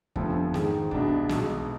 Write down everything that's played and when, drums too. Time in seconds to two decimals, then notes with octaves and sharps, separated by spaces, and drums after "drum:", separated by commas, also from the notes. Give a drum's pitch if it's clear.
0.16 F1 F2 D3 F3 B3, drum: kick
0.54 G#2 D#3 G#3, drum: snare
0.91 C2 B2 G#3 D4, drum: kick
1.29 B1 B2 G#3, drum: snare